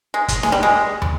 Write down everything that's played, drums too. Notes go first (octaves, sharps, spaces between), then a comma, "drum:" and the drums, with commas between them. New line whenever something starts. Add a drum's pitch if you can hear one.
G#3
drum: kick, hi-hat
G#3, drum: snare
G3
G#3
drum: tom